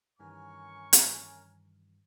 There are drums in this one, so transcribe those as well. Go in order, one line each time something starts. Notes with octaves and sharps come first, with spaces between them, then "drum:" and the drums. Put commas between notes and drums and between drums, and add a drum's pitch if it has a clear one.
G2 D#3 E3 C#4 A#4 G#5 C#6
drum: hi-hat